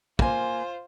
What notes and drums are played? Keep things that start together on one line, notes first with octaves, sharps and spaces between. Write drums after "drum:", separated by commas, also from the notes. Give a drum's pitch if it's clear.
A#3 F4 C5 G#5, drum: kick